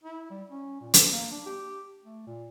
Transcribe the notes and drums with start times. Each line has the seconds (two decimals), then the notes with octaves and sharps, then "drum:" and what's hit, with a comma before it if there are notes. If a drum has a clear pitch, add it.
0.03 E4
0.31 G3
0.50 C#4
0.81 A#2
0.94 A4, drum: hi-hat
1.12 A#3
1.31 D4
1.46 G4
2.04 A3
2.27 A#2